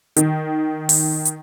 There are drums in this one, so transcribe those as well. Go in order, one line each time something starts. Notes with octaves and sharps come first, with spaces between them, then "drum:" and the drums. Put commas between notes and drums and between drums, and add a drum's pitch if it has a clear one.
D#3, drum: hi-hat
drum: open hi-hat
drum: hi-hat